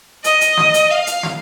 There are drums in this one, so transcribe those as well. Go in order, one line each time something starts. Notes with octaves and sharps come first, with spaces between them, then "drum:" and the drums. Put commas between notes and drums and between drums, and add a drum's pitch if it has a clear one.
D#5, drum: hi-hat
drum: hi-hat
drum: snare
drum: hi-hat
F5
drum: hi-hat
drum: snare